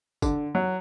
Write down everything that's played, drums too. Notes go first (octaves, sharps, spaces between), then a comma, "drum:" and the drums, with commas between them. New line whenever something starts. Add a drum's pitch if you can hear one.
D3, drum: kick, tambourine
F#3